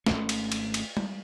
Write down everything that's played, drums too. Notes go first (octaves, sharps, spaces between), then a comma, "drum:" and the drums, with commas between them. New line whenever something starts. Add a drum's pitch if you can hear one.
G#1 F2 A3 C#4, drum: snare
drum: cymbal
drum: cymbal
drum: cymbal
drum: tom G3